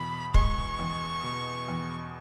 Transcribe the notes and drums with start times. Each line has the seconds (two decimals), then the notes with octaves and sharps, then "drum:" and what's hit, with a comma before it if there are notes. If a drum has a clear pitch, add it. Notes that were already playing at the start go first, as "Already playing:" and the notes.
Already playing: E2 B2 B5
0.34 G#3 C#6, drum: kick
0.79 E2
1.23 B2
1.68 E2